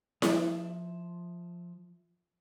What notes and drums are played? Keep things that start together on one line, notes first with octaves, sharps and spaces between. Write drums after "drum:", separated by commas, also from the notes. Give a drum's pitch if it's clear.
F3 E5, drum: snare E4